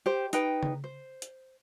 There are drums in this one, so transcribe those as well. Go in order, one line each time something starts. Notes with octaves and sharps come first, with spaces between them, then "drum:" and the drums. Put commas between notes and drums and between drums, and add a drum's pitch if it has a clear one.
G4 C5
D#4 B4 G5, drum: hi-hat
drum: tom C#3
C5
drum: hi-hat